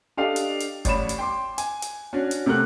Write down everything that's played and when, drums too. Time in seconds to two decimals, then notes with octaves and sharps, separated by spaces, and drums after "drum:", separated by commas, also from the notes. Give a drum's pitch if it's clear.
0.17 D4 G4 A4 D5 D#5 F5
0.36 drum: hi-hat
0.60 drum: hi-hat
0.85 A1 C#5 D5 B5 E7, drum: kick F#1, hi-hat
1.09 drum: hi-hat
1.18 G5 C6 D6
1.58 G#5, drum: hi-hat
1.82 drum: hi-hat
2.13 C#4 D4 F#4
2.31 drum: hi-hat
2.46 C3 A3 A#4 F#5 F#6